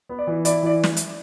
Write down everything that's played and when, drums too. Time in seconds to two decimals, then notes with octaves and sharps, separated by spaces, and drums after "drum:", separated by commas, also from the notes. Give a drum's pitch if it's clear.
0.09 B3
0.19 D5
0.27 E3
0.45 E4 D5, drum: hi-hat
0.62 E3 D5
0.84 drum: snare
0.97 drum: hi-hat